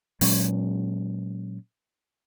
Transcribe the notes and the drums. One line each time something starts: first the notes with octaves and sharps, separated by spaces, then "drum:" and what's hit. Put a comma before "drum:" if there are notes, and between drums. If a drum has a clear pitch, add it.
A#2 F#3 G#3 C#4, drum: open hi-hat